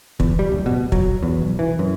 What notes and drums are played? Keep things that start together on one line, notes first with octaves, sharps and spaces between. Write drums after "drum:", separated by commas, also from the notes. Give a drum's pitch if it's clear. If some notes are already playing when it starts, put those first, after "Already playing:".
E2, drum: kick
G3
D1
B2
F#3, drum: kick
E2
B1
E3
F#2